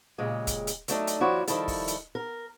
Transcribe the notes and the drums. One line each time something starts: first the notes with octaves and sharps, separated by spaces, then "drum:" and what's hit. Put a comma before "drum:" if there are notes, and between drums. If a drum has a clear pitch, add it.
A#2 C#3 G#3 G4
drum: kick, hi-hat
drum: hi-hat
F#3 A3 D4 D#4, drum: hi-hat
drum: hi-hat
D#2 F3 E4 F#4 C#5 D5
D#3 F3 G3 E4 A4, drum: hi-hat
drum: kick, open hi-hat
drum: hi-hat
A#4